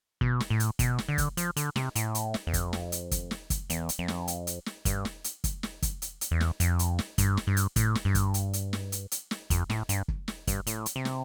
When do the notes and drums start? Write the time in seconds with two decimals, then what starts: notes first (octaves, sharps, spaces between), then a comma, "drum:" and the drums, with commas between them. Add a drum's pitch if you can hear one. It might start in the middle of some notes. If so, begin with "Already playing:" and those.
0.21 B2, drum: kick
0.40 drum: snare
0.50 A2
0.60 drum: hi-hat
0.79 B2, drum: kick, hi-hat
0.98 drum: snare
1.09 D3
1.18 drum: kick, hi-hat
1.37 F3, drum: hi-hat
1.57 D3, drum: hi-hat
1.76 C3, drum: snare
1.95 A2, drum: hi-hat
2.15 drum: hi-hat
2.34 drum: snare
2.47 E2
2.54 F2, drum: kick, hi-hat
2.73 drum: snare
2.92 drum: hi-hat
3.11 drum: kick, hi-hat
3.31 drum: snare
3.50 drum: kick, hi-hat
3.70 E2, drum: hi-hat
3.89 drum: hi-hat
3.99 F2
4.08 drum: snare
4.28 drum: hi-hat
4.47 drum: hi-hat
4.66 drum: snare
4.85 G2, drum: kick, hi-hat
5.05 drum: snare
5.24 drum: hi-hat
5.44 drum: kick, hi-hat
5.63 drum: snare
5.82 drum: kick, hi-hat
6.02 drum: hi-hat
6.21 drum: hi-hat
6.31 E2
6.41 drum: snare
6.60 F2, drum: hi-hat
6.79 drum: hi-hat
6.99 drum: snare
7.18 G2, drum: kick, hi-hat
7.37 drum: snare
7.47 G2
7.57 drum: hi-hat
7.76 A2, drum: kick, hi-hat
7.95 drum: snare
8.05 G2
8.15 drum: kick, hi-hat
8.34 drum: hi-hat
8.53 drum: hi-hat
8.73 drum: snare
8.92 drum: hi-hat
9.12 drum: hi-hat
9.31 drum: snare
9.50 F2, drum: kick, hi-hat
9.70 A2, drum: snare
9.89 G2, drum: hi-hat
10.08 drum: kick
10.28 drum: snare
10.47 G2, drum: kick, hi-hat
10.67 A2, drum: hi-hat
10.86 drum: hi-hat
10.96 C3
11.05 drum: snare